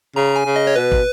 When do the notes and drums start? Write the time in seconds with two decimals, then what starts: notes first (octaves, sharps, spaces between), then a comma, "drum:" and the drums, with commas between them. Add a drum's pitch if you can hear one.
0.16 C#3 A#5
0.36 G#5
0.46 C#3
0.56 D#5
0.67 C#5
0.76 B2 B4
0.92 drum: kick